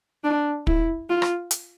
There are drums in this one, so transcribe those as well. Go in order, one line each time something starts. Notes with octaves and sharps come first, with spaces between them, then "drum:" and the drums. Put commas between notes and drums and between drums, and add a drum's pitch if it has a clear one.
D4
E4, drum: kick
F4
drum: rim click
drum: hi-hat